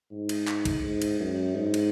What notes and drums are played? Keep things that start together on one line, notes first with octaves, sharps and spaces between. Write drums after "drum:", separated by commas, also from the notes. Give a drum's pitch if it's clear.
G#2
drum: cymbal
drum: clap
drum: kick, cymbal
G#2
drum: cymbal
F#2
G#2
drum: cymbal